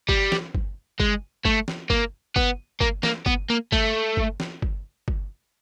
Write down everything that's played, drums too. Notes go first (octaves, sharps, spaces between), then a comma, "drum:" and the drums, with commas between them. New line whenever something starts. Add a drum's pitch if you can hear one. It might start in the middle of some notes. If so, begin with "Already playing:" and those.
G3, drum: kick G1
drum: snare
drum: kick G1
G#3, drum: kick G1
A3, drum: kick G1
drum: snare
A#3, drum: kick G1
B3, drum: kick G1
A#3, drum: kick G1
A#3, drum: snare
B3, drum: kick G1
A#3
A3, drum: kick G1
drum: kick G1
drum: snare
drum: kick G1
drum: kick G1